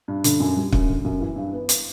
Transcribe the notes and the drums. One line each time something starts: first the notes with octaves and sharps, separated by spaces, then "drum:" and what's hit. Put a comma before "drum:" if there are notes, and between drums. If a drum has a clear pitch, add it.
G2
D3, drum: hi-hat
F#2
G3
F#2, drum: kick
D3
F#2
E3
G2
B3
drum: hi-hat